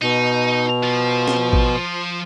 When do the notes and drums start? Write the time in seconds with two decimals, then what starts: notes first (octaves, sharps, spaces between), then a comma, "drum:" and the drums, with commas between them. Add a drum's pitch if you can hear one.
0.02 B2 D#4
0.83 F3
1.28 drum: snare
1.53 drum: kick A1